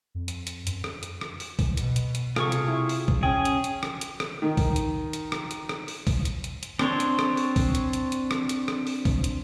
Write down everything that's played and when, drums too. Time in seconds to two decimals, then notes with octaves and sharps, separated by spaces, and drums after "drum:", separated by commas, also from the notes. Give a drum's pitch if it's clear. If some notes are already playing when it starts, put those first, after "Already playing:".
0.15 F2
0.28 drum: hi-hat
0.47 drum: hi-hat
0.67 F#2, drum: hi-hat
0.84 drum: rim click
1.03 drum: hi-hat
1.21 drum: rim click
1.40 drum: open hi-hat
1.59 drum: kick B1, open hi-hat
1.77 B2, drum: hi-hat
1.96 drum: hi-hat
2.15 drum: hi-hat
2.36 C3 F4 G#4 A4 C#6, drum: rim click
2.52 drum: hi-hat
2.67 E4
2.89 drum: open hi-hat
3.08 drum: kick B1
3.23 C#4 G#4 G5
3.45 drum: hi-hat
3.64 drum: hi-hat
3.83 drum: rim click
4.01 drum: hi-hat
4.20 drum: rim click
4.42 D#3
4.57 drum: kick B1, open hi-hat
4.76 drum: hi-hat
5.13 drum: hi-hat
5.32 drum: rim click
5.51 drum: hi-hat
5.69 drum: rim click
5.88 drum: open hi-hat
6.07 drum: kick B1, open hi-hat
6.25 drum: hi-hat
6.44 drum: hi-hat
6.63 drum: hi-hat
6.79 C4 D4 C5 C#5, drum: rim click
7.00 drum: hi-hat
7.19 drum: rim click
7.37 drum: open hi-hat
7.56 drum: kick B1, open hi-hat
7.75 drum: hi-hat
7.93 drum: hi-hat
8.12 drum: hi-hat
8.31 drum: rim click
8.49 drum: hi-hat
8.68 drum: rim click
8.87 drum: open hi-hat
9.05 drum: kick B1, open hi-hat
9.24 drum: hi-hat